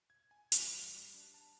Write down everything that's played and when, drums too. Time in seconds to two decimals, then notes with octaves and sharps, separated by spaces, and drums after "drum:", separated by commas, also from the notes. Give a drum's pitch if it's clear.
0.10 G#6
0.31 G#5
0.52 E3, drum: hi-hat
0.67 G2
0.96 G3
1.14 D4
1.34 A5